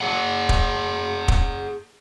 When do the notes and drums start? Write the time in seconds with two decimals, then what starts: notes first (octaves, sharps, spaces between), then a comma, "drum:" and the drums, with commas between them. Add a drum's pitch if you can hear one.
0.01 G#4 C#5 F#5
0.49 drum: kick
1.28 drum: kick